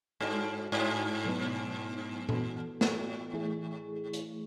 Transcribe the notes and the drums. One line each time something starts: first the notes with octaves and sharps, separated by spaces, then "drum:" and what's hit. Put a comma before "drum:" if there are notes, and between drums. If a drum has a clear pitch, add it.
G#2 G#3 D#4 F#4 A4
G#2
B2 F#3 B3 D#4
E3 B3 F#4 A4, drum: tom A#2
A2, drum: snare
E3 A3 E4 G#4
drum: hi-hat